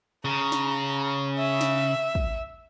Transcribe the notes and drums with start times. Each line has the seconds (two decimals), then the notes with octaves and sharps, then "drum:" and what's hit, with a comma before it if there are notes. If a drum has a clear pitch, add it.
0.25 C#3 A#5
0.52 drum: snare
1.39 E5
1.61 drum: snare
2.15 drum: kick